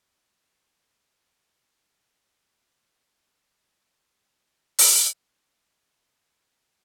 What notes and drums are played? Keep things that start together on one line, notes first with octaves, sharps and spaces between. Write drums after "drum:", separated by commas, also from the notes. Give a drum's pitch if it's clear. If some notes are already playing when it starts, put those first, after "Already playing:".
Already playing: A#2 F#3 A#3
A5
F#5
F5
F#5
A2 F#3 A3 A5
F#5
A#5
C#6
C#3 F3 A3 C6
A#5
C6
C#6
C#3 F3 C4 D#6
A#5
F2 C#3 A3 C4
F#2 D#3 A3 C4 A5
drum: open hi-hat
A#2 A3 C4
C#3 F3 A#3 A#5
C6
A#5